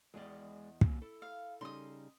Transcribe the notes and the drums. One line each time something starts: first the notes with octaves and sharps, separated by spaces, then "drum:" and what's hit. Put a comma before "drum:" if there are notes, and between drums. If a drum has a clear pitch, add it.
E2 G#3 G#4 D5 D#5
A#3 C4 F#4, drum: kick
E4 A4
F5
C#3 G3 D#4 C6 D#6